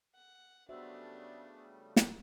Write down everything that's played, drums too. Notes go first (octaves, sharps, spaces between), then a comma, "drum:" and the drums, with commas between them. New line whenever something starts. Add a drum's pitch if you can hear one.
F#5
C#3 G3 A3 B3 D4 F#4 C5 E5
drum: snare